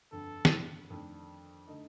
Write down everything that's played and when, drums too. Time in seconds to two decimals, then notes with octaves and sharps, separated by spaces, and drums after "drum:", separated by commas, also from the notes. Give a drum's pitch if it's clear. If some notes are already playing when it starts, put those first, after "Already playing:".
0.12 G1 F2 D3 A4
0.45 drum: snare
0.90 F2 D#3 A3 D4
1.67 D3 A3 D#4